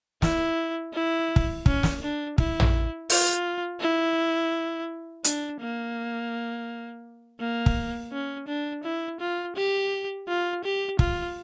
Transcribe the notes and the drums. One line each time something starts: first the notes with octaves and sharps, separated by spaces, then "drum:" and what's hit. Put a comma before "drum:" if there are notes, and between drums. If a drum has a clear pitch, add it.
E4, drum: snare
E4
drum: kick
C#4, drum: kick
drum: snare
D4
E4, drum: kick
drum: tom
F4, drum: open hi-hat
E4
D4, drum: hi-hat
A#3
A#3
drum: kick
C#4
D4
E4
F4
G4
F4
G4
F4, drum: kick